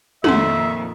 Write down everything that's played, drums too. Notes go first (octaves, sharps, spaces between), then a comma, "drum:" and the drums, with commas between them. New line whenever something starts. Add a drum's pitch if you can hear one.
F2 A#2 D#3 A4 E5 F#5 C6, drum: tom